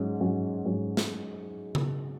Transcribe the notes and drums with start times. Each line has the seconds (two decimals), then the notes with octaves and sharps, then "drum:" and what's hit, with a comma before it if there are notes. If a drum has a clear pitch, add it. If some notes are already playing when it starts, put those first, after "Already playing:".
Already playing: G#2 F#3 C#4
0.21 G#2 F#3 C#4
0.65 G#2 F#3 C#4
0.97 drum: snare
1.75 drum: tom C#3